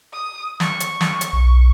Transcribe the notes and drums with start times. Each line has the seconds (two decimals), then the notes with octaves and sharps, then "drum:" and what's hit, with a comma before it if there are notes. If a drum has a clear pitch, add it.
0.13 D#6
0.60 C#6, drum: snare
0.80 drum: hi-hat
1.01 drum: snare
1.21 drum: hi-hat
1.33 B1